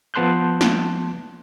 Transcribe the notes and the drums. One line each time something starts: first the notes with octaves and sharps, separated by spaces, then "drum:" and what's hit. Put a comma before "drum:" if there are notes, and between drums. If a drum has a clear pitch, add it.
F3 B3 A5 C6 F#6 G6
drum: snare